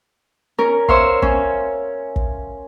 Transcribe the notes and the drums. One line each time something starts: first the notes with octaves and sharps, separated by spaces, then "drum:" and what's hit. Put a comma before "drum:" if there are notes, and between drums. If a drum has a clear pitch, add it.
C#4 A#4
C5 C#5 E5 F5 C6, drum: kick
C#4, drum: kick
drum: kick